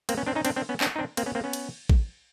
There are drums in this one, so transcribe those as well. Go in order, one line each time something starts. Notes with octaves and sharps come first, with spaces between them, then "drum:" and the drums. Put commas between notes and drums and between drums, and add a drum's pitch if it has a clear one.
A#3 C4, drum: cymbal
B3 C#4
C4 D4
C#4 D#4
C4 D4, drum: cymbal
C4 D4
B3 C#4
C4 D4, drum: clap
D#4
C4 D4
A#3 C4, drum: cymbal
B3 C#4
A#3 C4
B3 C#4
drum: cymbal
drum: kick A1